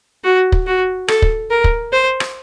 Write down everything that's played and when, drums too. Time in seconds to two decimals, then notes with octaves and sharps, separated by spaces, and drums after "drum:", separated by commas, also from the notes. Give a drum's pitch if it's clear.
0.24 F#4
0.52 drum: kick
0.67 F#4
1.08 A4, drum: rim click
1.22 drum: kick
1.51 A#4
1.64 drum: kick
1.92 C5
2.20 drum: rim click